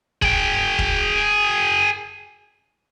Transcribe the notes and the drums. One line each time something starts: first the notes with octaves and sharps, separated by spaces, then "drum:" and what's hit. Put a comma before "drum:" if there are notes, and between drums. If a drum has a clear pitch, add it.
G#4 G5, drum: kick
drum: kick